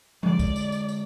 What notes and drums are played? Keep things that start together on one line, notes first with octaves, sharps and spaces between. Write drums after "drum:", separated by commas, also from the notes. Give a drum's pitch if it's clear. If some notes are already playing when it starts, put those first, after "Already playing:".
D3 G#3 D5, drum: tom F3
drum: kick, tambourine
drum: tambourine
drum: tambourine
drum: tambourine